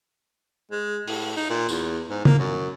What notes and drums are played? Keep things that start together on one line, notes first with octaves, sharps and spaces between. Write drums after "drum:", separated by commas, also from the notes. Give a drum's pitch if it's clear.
G#3
A2, drum: open hi-hat
D#4
A#2
E2, drum: tambourine
G#2
A#3, drum: tom
F#2